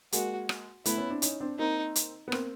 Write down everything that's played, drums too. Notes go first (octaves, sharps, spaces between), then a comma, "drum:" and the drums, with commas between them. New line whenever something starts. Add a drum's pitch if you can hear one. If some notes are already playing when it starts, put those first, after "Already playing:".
G#3 A#3 F#4, drum: hi-hat
drum: rim click
A3 B3 E4, drum: hi-hat
B3 C#4
C4 D4
C#4 D#4, drum: hi-hat
C4 D4
A#3 C4 D#4
drum: hi-hat
B3
A#3 C4, drum: rim click